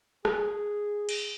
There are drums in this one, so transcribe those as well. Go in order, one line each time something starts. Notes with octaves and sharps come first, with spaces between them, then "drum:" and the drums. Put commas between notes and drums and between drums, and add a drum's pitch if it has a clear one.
G#4, drum: rim click
drum: cymbal